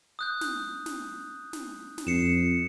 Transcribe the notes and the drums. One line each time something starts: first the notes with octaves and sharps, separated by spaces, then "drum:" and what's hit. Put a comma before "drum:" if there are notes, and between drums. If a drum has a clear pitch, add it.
D#6 F#6 G6
drum: snare
drum: snare
drum: snare
drum: snare
F2 C7 C#7 E7